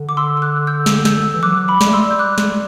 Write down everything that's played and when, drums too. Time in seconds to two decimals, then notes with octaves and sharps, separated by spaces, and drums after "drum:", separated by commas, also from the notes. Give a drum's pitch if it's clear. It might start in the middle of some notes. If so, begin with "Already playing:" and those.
Already playing: D3
0.09 D6
0.17 C6 E6
0.37 E6
0.42 D6 F#6
0.67 E6 G6
0.86 drum: snare
1.05 E6 G6, drum: snare
1.34 E3 E6
1.43 F#3 D6 F#6
1.68 B5 D6
1.81 G3, drum: snare
1.88 A3
1.93 G3 C6 E6
2.11 G6
2.19 D6 F#6
2.38 drum: snare